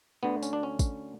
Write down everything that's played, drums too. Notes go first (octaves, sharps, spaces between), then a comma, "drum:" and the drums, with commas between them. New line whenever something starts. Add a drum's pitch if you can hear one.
D2 D3 B3
C#4, drum: tambourine
D4
C#4
drum: kick, tambourine